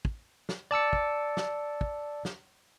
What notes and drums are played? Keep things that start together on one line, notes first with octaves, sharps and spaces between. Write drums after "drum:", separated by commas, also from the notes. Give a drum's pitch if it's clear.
drum: kick
drum: snare
D5 A5 E6 C#7
drum: kick
drum: snare
drum: kick
drum: snare